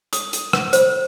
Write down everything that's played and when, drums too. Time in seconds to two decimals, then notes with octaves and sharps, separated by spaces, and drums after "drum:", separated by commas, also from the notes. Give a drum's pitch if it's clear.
0.13 D#6, drum: hi-hat
0.33 drum: hi-hat
0.53 drum: rim click
0.73 C5, drum: hi-hat